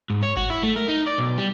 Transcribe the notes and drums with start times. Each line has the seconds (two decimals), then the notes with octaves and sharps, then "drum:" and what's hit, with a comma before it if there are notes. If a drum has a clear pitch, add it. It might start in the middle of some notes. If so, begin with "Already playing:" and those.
0.10 G#2
0.23 C#5
0.37 F#4, drum: kick G1
0.50 E4
0.63 A3
0.76 A#4
0.88 D#4
1.06 D5
1.18 B1
1.38 G3